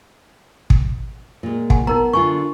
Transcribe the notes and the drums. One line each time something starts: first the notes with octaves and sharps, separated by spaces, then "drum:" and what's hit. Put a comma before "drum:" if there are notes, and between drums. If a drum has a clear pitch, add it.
drum: kick
A#2 G#3
F#5 G#5, drum: kick
B3 D#4 A#4 A#5
D3 F4 G#5 C#6